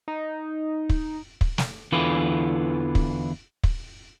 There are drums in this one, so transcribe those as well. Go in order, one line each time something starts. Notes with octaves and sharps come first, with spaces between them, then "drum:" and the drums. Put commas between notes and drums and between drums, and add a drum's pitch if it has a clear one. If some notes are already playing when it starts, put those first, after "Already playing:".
D#4
drum: kick
drum: kick
drum: snare
E2 D3 E3 F4 B4
drum: kick
drum: kick